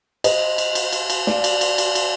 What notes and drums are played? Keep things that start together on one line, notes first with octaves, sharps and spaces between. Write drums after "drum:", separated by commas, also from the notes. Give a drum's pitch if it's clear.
C5 D#5, drum: cymbal
drum: cymbal
drum: cymbal
drum: cymbal
drum: cymbal
D5 F5, drum: snare
drum: cymbal
drum: cymbal
drum: cymbal
drum: cymbal